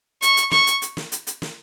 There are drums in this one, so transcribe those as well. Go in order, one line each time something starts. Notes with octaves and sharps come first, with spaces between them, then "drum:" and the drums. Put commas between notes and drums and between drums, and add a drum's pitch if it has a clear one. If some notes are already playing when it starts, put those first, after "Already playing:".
C#6, drum: hi-hat
drum: hi-hat
C#6, drum: snare
drum: hi-hat
drum: hi-hat
drum: snare
drum: hi-hat
drum: hi-hat
drum: snare